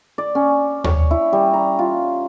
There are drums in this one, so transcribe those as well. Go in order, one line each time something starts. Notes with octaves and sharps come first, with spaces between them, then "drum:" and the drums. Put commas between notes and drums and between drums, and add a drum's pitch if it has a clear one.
D5
C#4
C#5, drum: tom D#2
E4
G3
A#5
F4